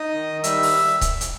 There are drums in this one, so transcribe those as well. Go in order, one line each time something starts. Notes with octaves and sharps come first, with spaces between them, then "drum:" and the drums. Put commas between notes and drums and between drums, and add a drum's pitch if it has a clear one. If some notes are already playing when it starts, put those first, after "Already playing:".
Already playing: D#4 D#5 D#6
D#3
G3 E5 E6, drum: hi-hat
drum: open hi-hat
drum: kick C#1, hi-hat
drum: hi-hat